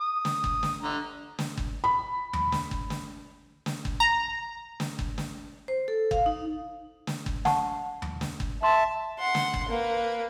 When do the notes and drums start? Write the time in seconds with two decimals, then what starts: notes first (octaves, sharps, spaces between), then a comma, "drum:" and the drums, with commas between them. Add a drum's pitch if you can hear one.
0.01 D#6
0.25 drum: snare
0.44 drum: kick
0.63 drum: snare
0.83 D3 A#5
1.39 drum: snare
1.57 drum: kick
1.84 B5
2.33 drum: tom D#2
2.52 drum: snare
2.71 drum: kick
2.90 drum: snare
3.66 drum: snare
3.85 drum: kick
4.00 A#5
4.80 drum: snare
4.99 drum: kick
5.18 drum: snare
5.68 C5
5.88 A4
6.11 F5, drum: kick
6.26 D#4
7.07 drum: snare
7.26 drum: kick
7.45 F#5 A5 C#6, drum: snare
8.02 drum: tom D#2
8.21 drum: snare
8.40 drum: kick
8.63 E5 A5 C6
9.19 F#5 C6
9.35 drum: snare
9.54 drum: kick
9.68 A#3 B4